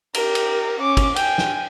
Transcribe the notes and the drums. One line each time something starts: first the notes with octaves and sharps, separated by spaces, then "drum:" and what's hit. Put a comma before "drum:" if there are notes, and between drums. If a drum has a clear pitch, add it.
G4 A#4, drum: cymbal
drum: cymbal
C#4 D6
drum: kick, cymbal
G5 G#5, drum: cymbal
drum: snare